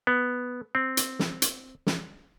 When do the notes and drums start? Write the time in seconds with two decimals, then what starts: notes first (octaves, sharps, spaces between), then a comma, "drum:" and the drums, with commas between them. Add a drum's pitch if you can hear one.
0.07 B3
0.75 C4
0.97 drum: hi-hat
1.19 drum: snare
1.42 drum: hi-hat
1.87 drum: snare